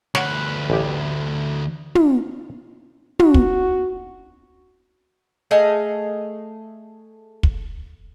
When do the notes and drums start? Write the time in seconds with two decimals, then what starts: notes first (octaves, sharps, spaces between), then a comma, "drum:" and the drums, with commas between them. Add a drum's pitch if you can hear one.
0.15 D2 B4 C#5 F#5, drum: snare
0.70 A1 G4
1.95 drum: tom
3.19 F#4, drum: tom
3.34 drum: kick
5.51 A3 G#4 D#5 F5
7.43 drum: kick